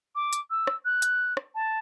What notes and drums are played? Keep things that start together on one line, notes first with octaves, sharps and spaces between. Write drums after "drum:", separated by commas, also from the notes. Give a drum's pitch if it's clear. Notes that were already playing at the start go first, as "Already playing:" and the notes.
D6
drum: hi-hat
E6
drum: rim click
F#6
drum: hi-hat
drum: rim click
A5